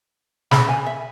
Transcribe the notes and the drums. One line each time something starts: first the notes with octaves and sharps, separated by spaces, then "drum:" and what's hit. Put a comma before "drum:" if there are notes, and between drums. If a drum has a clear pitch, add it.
C#4 G#4 B4 B5, drum: snare
G#5
E5